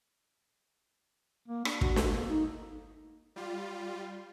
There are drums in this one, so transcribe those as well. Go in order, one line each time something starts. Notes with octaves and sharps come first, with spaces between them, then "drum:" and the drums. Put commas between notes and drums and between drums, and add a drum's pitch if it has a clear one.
A#3
D4, drum: rim click
F#4, drum: kick
A4, drum: snare
A#3
D#4
G3 F4